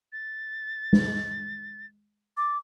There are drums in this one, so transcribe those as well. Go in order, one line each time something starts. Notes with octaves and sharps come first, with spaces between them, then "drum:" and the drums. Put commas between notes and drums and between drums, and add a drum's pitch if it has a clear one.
A6
drum: tom G#3
D6 A6